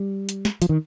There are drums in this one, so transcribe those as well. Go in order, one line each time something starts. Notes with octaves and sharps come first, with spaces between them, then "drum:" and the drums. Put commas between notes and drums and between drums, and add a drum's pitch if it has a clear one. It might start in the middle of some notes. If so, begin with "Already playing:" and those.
Already playing: G3
drum: hi-hat
drum: snare
F3, drum: hi-hat
D#3